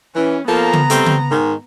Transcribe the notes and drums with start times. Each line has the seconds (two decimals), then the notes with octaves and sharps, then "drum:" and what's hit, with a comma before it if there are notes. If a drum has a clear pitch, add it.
0.16 E3 C#4
0.49 F3 A#3 B3 A4 A#5
0.73 drum: tom C#3
0.90 G3 A3 C4, drum: hi-hat
1.06 drum: tom C#3
1.31 G#2 D#3